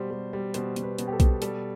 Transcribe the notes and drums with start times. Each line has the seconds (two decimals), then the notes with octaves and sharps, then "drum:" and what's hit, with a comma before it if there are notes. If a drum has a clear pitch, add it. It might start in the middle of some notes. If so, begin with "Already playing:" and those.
Already playing: B2 G3 C5
0.11 G3
0.33 G3
0.54 B2 C5, drum: hi-hat
0.76 B2, drum: hi-hat
0.83 B4
0.98 B2, drum: hi-hat
1.08 G4
1.13 A4
1.20 B2, drum: kick B1, hi-hat
1.42 G3 A4, drum: hi-hat